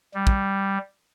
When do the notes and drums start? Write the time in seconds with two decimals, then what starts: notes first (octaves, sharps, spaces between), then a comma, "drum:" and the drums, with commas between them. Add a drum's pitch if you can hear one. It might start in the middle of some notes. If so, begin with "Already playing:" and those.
0.14 G3
0.27 drum: kick